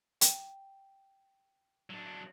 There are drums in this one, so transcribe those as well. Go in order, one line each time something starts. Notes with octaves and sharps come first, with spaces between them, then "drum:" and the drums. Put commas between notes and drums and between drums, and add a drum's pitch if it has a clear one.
G5, drum: hi-hat
F#3 D4